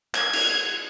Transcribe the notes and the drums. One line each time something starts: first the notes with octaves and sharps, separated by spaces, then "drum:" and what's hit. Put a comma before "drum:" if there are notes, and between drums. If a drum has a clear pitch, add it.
G#6, drum: clap
drum: cymbal